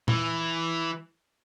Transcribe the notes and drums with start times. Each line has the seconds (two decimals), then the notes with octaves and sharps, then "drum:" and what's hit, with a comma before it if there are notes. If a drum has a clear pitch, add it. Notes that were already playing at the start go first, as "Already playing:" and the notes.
0.08 E3, drum: tom A#2